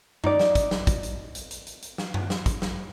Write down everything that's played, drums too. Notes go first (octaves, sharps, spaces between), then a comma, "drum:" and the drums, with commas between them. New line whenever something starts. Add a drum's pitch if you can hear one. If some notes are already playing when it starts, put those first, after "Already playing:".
D#4 D5, drum: tom F#2
drum: snare
drum: kick, hi-hat
drum: snare
drum: kick, hi-hat
drum: hi-hat
drum: hi-hat
drum: hi-hat
drum: hi-hat
drum: hi-hat
drum: snare
drum: tom F#2
drum: snare
drum: kick, hi-hat
drum: snare